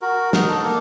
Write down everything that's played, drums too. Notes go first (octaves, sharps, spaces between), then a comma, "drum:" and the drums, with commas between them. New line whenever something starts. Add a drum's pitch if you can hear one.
F#4 A#4
D#4, drum: snare
A4
A#3